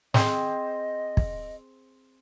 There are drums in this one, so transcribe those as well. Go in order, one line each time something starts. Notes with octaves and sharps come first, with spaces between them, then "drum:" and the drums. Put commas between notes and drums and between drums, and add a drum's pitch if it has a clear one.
C4 G#4 C5 D#5, drum: snare
drum: kick